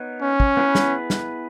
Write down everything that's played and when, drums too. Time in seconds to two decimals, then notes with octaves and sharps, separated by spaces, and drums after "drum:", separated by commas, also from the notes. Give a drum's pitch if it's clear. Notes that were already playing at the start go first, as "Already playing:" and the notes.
Already playing: B3 D#4 A#4 C#5
0.22 C#4
0.40 drum: kick
0.57 B3 E4 G#4 B4
0.75 drum: snare
1.10 drum: snare